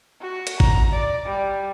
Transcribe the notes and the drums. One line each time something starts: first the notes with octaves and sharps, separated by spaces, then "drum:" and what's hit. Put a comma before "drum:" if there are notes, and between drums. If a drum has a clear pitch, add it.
F#4
drum: hi-hat
A#5, drum: kick G#1
D5
G3